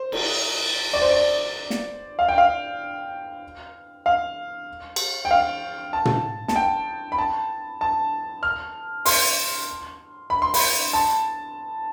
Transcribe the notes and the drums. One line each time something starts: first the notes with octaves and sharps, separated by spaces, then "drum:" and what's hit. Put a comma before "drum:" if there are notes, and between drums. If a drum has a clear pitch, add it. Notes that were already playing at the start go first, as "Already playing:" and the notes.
Already playing: C5
drum: cymbal
D5
C5
D5
drum: snare
F5
G5
F5
F5
drum: cymbal
G5
F5
A5
drum: tom
A5, drum: snare
G5
B5
A5
A5
F6
C6, drum: open hi-hat
B5
C6
B5, drum: open hi-hat
A5